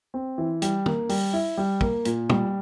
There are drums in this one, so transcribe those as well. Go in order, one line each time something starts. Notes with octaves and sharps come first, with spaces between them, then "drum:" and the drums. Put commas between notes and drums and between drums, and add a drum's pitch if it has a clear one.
C4
E3
G3, drum: hi-hat
A#3, drum: tom
G3, drum: open hi-hat
E4
G3
A#3, drum: kick
A#2, drum: hi-hat
G3, drum: tom